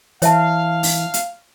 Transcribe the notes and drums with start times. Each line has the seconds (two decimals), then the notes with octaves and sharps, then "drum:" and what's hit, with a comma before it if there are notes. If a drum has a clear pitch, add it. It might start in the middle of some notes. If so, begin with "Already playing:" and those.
0.22 E3 C#5 E5 F5 A5, drum: hi-hat
0.83 drum: open hi-hat
1.14 drum: hi-hat